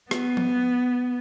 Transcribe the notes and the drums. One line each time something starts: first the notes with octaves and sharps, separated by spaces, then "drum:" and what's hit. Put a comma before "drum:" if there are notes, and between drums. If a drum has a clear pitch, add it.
B3, drum: rim click
drum: tom F3